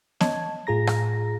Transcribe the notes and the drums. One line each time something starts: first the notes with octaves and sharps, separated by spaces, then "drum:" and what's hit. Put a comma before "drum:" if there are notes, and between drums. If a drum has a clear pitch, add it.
C#5 D#5 A5 G#6, drum: snare
A2 F4 G#4 A#5 A#6
drum: rim click